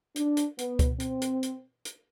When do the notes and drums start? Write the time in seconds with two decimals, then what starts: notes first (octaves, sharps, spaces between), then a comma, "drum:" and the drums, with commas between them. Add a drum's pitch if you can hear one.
0.16 D4, drum: hi-hat
0.37 drum: hi-hat
0.59 B3, drum: hi-hat
0.79 drum: kick C#2, hi-hat
1.00 C4, drum: hi-hat
1.22 drum: hi-hat
1.43 drum: hi-hat
1.85 drum: hi-hat